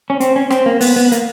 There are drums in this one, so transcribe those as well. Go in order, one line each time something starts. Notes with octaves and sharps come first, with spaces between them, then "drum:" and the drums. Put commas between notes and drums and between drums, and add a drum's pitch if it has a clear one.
C#4
C4, drum: hi-hat
C#4
C4, drum: rim click
A#3
B3, drum: open hi-hat
B3
A#3, drum: hi-hat